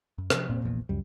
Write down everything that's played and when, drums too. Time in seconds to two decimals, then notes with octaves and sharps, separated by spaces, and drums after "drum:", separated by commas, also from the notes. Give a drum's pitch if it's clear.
0.18 F#2
0.30 C3 F3, drum: rim click
0.49 F1 A#2 C4
0.62 F1 A#1 E2
0.89 C#2 F#2 G3